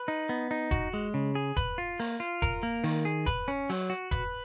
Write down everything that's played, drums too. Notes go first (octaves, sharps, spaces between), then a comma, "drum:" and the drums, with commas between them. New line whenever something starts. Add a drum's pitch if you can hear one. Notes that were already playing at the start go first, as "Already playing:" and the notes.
Already playing: B4
D#4
B3
D#4
F#4, drum: kick E1, hi-hat
G#3
C#3
G#4
B4, drum: kick E1, hi-hat
F4
A#3, drum: open hi-hat
F4
A#4, drum: kick E1, hi-hat
A#3
D#3, drum: open hi-hat
G#4
B4, drum: kick E1, hi-hat
C#4
F#3, drum: open hi-hat
F#4
B4, drum: kick E1, hi-hat